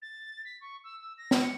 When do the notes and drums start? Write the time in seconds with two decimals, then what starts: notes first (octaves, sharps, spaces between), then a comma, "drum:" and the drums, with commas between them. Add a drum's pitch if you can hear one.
0.02 A6
0.45 B6
0.61 C#6
0.84 E6
1.00 E6
1.18 A#6
1.31 drum: snare
1.42 C#7